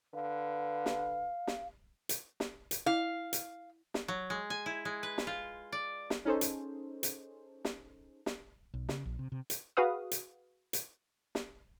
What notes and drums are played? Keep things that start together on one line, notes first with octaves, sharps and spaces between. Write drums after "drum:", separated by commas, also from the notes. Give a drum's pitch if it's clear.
D3 B4 F5
drum: snare
drum: snare
drum: hi-hat
drum: snare
drum: hi-hat
E4 F5
drum: hi-hat
drum: snare
F#3
G#3
G#5
E4
G#3
B4
drum: snare
F4
D5
drum: snare
C#4 D#4 G#4 A4 C5
drum: hi-hat
drum: hi-hat
drum: snare
drum: snare
B1
C#3, drum: snare
A#1
C3
C3
drum: hi-hat
F#4 G#4 B4 F5 D#6
drum: hi-hat
drum: hi-hat
drum: snare